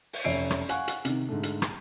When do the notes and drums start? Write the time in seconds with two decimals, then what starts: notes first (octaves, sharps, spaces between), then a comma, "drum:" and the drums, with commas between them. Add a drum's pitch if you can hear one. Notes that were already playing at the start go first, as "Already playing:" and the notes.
0.13 drum: open hi-hat
0.24 F1 C#4 E5 C7 D7
0.50 drum: rim click
0.69 F5 F#5 G#5 C#6 F#6, drum: hi-hat
0.88 drum: hi-hat
1.05 C3 D#3, drum: hi-hat
1.28 G#2 D3 A3
1.43 drum: hi-hat
1.62 drum: rim click